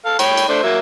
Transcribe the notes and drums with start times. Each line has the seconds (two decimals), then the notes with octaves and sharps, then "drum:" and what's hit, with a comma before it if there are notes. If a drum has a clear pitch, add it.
0.05 A4 F5
0.19 C#5 G5 B5, drum: cymbal
0.37 drum: cymbal
0.48 A3 D4 C5
0.63 F#3 A#3 E5